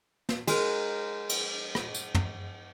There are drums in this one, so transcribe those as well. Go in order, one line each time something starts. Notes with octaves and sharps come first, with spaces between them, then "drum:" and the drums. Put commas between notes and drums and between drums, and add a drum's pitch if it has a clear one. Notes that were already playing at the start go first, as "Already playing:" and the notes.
drum: snare
G#3 A#4, drum: cymbal
drum: cymbal
drum: rim click
drum: tambourine
drum: tom